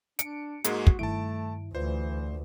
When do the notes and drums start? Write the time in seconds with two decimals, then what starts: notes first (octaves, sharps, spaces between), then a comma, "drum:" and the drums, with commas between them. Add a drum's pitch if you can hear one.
0.19 D4 C#7 D7, drum: hi-hat
0.64 G#2 G#3 A#3 F#4, drum: hi-hat
0.87 drum: kick
0.99 G2 D#3 A3 E4 A5 D7
1.75 D2 E3 F4 B4 C5 D5